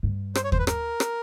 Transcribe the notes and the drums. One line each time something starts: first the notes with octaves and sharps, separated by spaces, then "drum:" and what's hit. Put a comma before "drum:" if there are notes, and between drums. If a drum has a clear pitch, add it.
G2
C5, drum: rim click
C#5
C5, drum: kick
B4
A#4, drum: rim click
drum: rim click